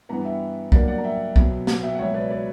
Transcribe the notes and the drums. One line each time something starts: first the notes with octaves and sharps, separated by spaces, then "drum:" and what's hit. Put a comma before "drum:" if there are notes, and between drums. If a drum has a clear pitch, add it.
G2 E3 B3 F#5 A#5
E5 G5
G2 F#3 A#3 D5 F#5, drum: kick
D5 F#5
A#5
E5 G5
B2 F#3 B3, drum: kick
drum: snare
E5 G5
F#5
C#2 B2 F#3 C#5 E5
B4 D5
B4 D5